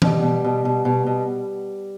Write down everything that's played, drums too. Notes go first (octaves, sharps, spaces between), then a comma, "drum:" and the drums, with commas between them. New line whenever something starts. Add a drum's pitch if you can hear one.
B2 G3, drum: tom E3
B2
B2
B2
B2
B2